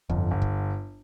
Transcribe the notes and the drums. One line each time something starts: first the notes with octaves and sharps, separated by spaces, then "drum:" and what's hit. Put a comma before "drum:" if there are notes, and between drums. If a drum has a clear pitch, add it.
G1 F2, drum: kick
G1
drum: kick